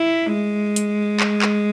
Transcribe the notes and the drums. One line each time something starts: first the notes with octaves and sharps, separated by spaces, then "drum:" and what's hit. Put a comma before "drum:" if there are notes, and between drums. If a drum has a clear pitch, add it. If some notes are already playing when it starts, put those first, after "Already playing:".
Already playing: E4
G#3
drum: hi-hat
drum: clap
drum: clap